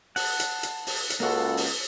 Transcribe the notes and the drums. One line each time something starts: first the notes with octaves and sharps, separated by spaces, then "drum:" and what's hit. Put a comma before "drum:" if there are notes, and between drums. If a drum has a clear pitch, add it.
F#5 A5, drum: open hi-hat
drum: hi-hat
drum: hi-hat
drum: open hi-hat
drum: hi-hat
C#2 A#3 F#4 A4
drum: open hi-hat